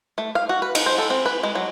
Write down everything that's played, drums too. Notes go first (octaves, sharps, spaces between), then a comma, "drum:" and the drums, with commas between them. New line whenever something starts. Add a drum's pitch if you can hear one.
A3
F5
F#4
B4
D#4, drum: cymbal
C5
A4
C4
B4
G#3
F#3